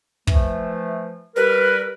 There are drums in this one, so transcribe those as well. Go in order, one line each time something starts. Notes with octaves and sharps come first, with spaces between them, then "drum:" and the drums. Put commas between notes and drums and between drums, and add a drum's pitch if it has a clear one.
E3 F3 A3, drum: kick
G3 A#4 B4